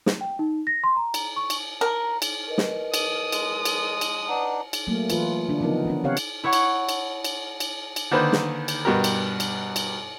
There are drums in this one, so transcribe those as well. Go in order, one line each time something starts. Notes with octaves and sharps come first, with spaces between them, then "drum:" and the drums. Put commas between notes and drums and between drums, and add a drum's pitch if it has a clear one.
drum: snare
G5
D#4
A#6
C6
A#5
drum: cymbal
C#6
drum: cymbal
A#4
drum: cymbal
A#4 B4 D#5
drum: snare
D#6, drum: cymbal
G#3, drum: cymbal
drum: cymbal
drum: cymbal
D4 D#4 B4 F#5
drum: cymbal
F#3 A3 A#3
E3 F4 B4, drum: cymbal
D3 D4
C#3 F3 B3 D#4 A#4
D#3 C#4 D4
C#3 C4 G4 C#5 F5 F#5
drum: cymbal
E4 C#5 F#5 C#6
drum: cymbal
drum: cymbal
drum: cymbal
drum: cymbal
drum: cymbal
D3 D#3 A#3 B4 C5
drum: snare
drum: cymbal
G2 B2 G4 A#4
drum: cymbal
drum: cymbal
drum: cymbal